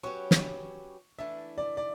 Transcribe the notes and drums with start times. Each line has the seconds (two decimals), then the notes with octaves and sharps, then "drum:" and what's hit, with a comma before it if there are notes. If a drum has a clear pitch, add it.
0.03 F#3 C#4 G4 B4 C#6
0.31 drum: snare
1.18 E3 A3 D4 E5
1.58 D5
1.77 D5